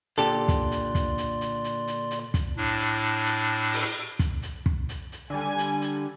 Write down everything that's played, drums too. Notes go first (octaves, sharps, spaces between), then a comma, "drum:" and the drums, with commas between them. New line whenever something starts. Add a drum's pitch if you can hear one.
A#2 D3 G4 A4 D5 C6
drum: kick, hi-hat
drum: hi-hat
drum: kick, hi-hat
drum: hi-hat
drum: hi-hat
drum: hi-hat
drum: hi-hat
drum: hi-hat
drum: kick, hi-hat
A2 D4
drum: hi-hat
drum: hi-hat
drum: open hi-hat
drum: kick, hi-hat
drum: hi-hat
drum: kick
drum: hi-hat
drum: hi-hat
D3 G3 G#5
drum: hi-hat
drum: hi-hat